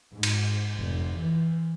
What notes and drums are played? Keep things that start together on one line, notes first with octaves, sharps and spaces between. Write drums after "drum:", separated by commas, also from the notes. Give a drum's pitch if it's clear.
G#2
drum: cymbal
F1
E3